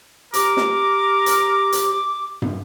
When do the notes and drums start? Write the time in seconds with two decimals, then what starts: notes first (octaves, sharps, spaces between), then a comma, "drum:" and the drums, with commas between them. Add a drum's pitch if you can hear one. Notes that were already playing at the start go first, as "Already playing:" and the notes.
0.34 G4 A#4 D6, drum: hi-hat
0.57 drum: snare
1.26 drum: hi-hat
1.72 drum: hi-hat
2.42 drum: tom